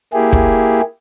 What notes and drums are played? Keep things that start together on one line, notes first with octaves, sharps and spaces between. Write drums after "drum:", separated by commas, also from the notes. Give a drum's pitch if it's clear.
A#3 E4 G4 G#4
drum: kick